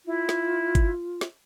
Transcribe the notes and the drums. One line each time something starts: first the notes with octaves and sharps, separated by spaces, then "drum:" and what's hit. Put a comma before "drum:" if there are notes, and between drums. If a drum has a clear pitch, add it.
E4 F4
drum: snare
drum: kick G1, hi-hat
drum: snare